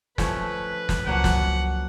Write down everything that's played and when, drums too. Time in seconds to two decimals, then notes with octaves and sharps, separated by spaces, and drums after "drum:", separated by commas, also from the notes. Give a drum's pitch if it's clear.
0.18 F3 A3 C#4 B4, drum: snare
0.89 drum: snare
1.07 C#2 F3 F#3 A#3 F#5
1.24 drum: snare